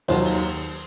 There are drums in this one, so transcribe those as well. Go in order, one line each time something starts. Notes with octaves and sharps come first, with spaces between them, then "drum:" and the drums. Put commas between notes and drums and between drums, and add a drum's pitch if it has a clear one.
D#2 D#3 F#3 C5, drum: hi-hat
drum: open hi-hat